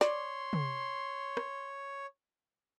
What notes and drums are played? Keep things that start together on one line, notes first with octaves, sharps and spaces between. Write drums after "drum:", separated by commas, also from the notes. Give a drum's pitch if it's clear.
C#5 D5 C6, drum: snare
drum: tom
drum: rim click